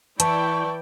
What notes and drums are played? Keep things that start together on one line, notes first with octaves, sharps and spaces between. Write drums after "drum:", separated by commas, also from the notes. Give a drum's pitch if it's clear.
E3 E4 D5 G5 A5 C#6, drum: hi-hat